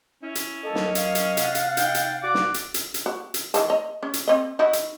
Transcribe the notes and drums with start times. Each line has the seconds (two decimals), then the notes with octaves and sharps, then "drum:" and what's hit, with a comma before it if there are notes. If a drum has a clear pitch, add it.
0.23 C#4 E4
0.35 drum: hi-hat
0.63 F#3 A#3 A4 D#5
0.75 drum: snare
0.95 F5, drum: hi-hat
1.15 drum: hi-hat
1.37 C3 F#5 A6, drum: hi-hat
1.55 drum: hi-hat
1.77 D#4 G5, drum: hi-hat
1.95 drum: hi-hat
2.23 F#4 D5
2.34 drum: snare
2.54 drum: hi-hat
2.74 drum: hi-hat
2.94 drum: hi-hat
3.06 F#4
3.34 drum: hi-hat
3.54 D#3 E3 A5, drum: hi-hat
3.70 D#5 A#5
4.03 C#4
4.14 drum: hi-hat
4.28 C4 D#5
4.59 D#4 E4 F#4
4.73 drum: hi-hat